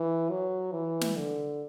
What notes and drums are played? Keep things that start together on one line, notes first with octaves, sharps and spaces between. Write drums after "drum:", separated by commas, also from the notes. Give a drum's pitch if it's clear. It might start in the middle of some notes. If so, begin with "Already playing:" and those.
Already playing: E3
F#3
E3
drum: snare
D3